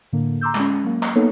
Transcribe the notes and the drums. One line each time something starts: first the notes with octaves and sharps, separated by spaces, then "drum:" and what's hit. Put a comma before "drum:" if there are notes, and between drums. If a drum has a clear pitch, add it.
A2 D3 A#3
A#5 C6 D6 E6 G6
G#3 C#4, drum: clap
F#3 A#3
drum: clap
A#3 B3 D#4 A4 C#5